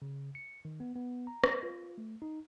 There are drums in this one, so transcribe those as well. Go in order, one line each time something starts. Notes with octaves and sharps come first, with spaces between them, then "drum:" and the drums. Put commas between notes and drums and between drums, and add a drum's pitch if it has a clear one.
C#3
C#7
D#3
B3
B3
A#5
drum: rim click
F4
A3
D#4